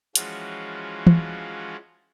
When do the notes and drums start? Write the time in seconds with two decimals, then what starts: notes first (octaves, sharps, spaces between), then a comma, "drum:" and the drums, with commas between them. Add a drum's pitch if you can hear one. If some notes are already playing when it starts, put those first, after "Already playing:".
0.15 E3 F3 G#3 C#4 F4 F#4, drum: hi-hat
1.07 drum: tom